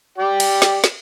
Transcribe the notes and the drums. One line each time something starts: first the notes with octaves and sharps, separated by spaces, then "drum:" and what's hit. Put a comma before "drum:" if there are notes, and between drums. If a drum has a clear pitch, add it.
G4 D5 G5
drum: cymbal
drum: snare
drum: snare